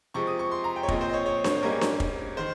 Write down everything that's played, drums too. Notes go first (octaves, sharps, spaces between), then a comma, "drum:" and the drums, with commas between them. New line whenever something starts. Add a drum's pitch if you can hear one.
C3 F3 G#3 C#6
D#6
C#6
C6
A#5
G5
C#5
A#2 F3 C4 D#5, drum: kick
C5
D#5
C#5
C#5
C#5, drum: snare D4
G#2 G3 A#3 C#4 A#4
drum: snare D4
drum: kick
D#3 C5